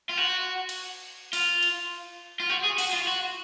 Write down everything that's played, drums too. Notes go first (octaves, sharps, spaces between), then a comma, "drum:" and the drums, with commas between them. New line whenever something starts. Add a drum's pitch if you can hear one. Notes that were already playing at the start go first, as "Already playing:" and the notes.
F4
F#4
drum: cymbal
F4, drum: open hi-hat
drum: cymbal
F4
F#4
G#4
F#4, drum: open hi-hat
F4
F#4